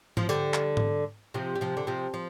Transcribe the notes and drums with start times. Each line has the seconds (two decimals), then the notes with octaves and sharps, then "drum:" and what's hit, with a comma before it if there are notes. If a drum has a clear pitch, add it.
0.17 F3, drum: tom G#2
0.29 D3 G3, drum: tambourine
0.54 drum: clap
0.77 drum: tom G#2
1.34 C3 F3
1.55 G3
1.61 C3 F3
1.77 D3
1.87 C3 F3
2.14 F3